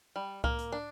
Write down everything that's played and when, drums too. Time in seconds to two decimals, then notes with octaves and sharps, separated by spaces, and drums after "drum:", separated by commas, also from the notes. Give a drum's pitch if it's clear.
0.16 G3
0.44 A#3, drum: kick C2
0.59 drum: hi-hat
0.72 D4